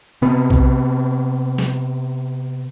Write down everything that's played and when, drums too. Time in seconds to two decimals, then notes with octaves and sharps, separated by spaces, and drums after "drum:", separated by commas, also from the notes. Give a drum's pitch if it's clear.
0.22 C3 B3
0.50 drum: kick B1
1.58 drum: snare